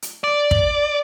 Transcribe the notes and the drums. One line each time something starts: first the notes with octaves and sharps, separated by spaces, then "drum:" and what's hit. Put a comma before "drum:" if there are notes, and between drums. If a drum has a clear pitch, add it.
drum: hi-hat
D5
drum: kick